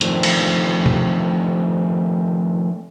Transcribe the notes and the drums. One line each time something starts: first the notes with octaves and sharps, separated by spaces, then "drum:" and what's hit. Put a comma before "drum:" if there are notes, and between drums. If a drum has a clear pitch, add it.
D#3 F3 A3 C4 D4, drum: hi-hat
drum: cymbal
drum: tom